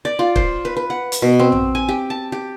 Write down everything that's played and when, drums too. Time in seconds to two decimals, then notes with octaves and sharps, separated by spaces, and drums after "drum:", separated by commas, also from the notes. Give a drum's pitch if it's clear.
0.05 D5
0.19 F4
0.36 C5, drum: kick
0.65 B4
0.76 B4
0.90 F#5
1.12 drum: hi-hat
1.22 B2
1.40 C4
1.52 drum: tom A#1
1.75 G#5
1.88 G4
2.10 A5
2.32 G4